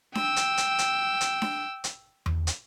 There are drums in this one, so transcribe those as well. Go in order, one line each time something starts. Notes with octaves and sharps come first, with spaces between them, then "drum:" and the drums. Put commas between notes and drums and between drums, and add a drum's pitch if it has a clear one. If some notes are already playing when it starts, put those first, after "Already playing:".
G5 E6, drum: snare D4
drum: hi-hat
drum: hi-hat
drum: hi-hat
drum: hi-hat
drum: snare D4
drum: hi-hat
drum: tom E2
drum: hi-hat